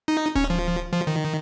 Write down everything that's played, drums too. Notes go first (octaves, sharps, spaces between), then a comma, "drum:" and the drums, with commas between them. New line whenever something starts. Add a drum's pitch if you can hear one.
D#4
C#4, drum: kick D1
F3
F3
D#3